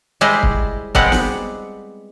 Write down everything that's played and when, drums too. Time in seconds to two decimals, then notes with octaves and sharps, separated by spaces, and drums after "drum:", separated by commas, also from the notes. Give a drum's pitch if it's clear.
0.21 G3 G#3 E4 C5 D#5
0.43 drum: kick
0.95 G3 G#3 B3 C4 G4 F#5, drum: kick
1.12 drum: snare